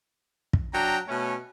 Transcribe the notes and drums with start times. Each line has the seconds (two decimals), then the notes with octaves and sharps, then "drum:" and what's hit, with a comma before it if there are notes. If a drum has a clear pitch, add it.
0.53 drum: kick
0.74 F#3 D4 G5 A#5
1.08 B2 A3 C#4